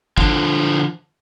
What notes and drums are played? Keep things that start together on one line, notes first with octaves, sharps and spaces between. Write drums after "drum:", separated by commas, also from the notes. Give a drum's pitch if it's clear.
D3 F3, drum: kick